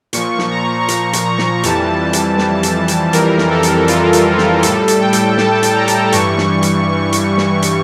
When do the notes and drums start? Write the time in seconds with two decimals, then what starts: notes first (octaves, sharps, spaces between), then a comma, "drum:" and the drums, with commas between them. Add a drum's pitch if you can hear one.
0.13 A#2 F3 C#6, drum: hi-hat
0.38 drum: snare
0.51 A#5
0.88 A#5, drum: hi-hat
1.13 drum: hi-hat
1.26 A#5
1.38 drum: snare
1.63 F2 E3 G3 A5, drum: hi-hat
2.13 drum: hi-hat
2.38 drum: snare
2.63 drum: hi-hat
2.88 drum: hi-hat
3.13 F2 E3 G3 A#4, drum: hi-hat
3.38 drum: snare
3.51 A4
3.63 drum: hi-hat
3.88 F4, drum: hi-hat
4.13 drum: hi-hat
4.38 drum: snare
4.63 A2 G3 A4, drum: hi-hat
4.88 drum: hi-hat
5.01 G5
5.13 drum: hi-hat
5.37 A5, drum: snare
5.63 drum: hi-hat
5.75 A#5
5.88 drum: hi-hat
6.12 G2 E3 G3 C#6, drum: hi-hat
6.38 drum: snare
6.63 drum: hi-hat
7.13 drum: hi-hat
7.37 drum: snare
7.62 drum: hi-hat